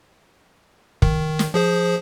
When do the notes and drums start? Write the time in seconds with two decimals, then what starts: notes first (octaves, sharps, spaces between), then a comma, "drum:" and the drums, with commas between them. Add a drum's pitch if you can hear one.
1.02 D#3, drum: kick
1.39 drum: snare
1.54 F3 G#4 C5